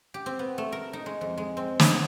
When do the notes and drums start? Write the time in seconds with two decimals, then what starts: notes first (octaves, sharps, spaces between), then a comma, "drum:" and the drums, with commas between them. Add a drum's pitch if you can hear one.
0.14 G4
0.26 C4
0.39 B3
0.58 A3
0.72 A#4
0.93 D#4
1.06 G#3
1.21 F2
1.38 G#3
1.57 C4
1.80 F#3, drum: snare